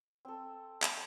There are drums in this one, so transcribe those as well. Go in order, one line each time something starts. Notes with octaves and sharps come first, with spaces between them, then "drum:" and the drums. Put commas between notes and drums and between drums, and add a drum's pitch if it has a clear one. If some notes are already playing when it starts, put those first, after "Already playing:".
C4 A4
drum: clap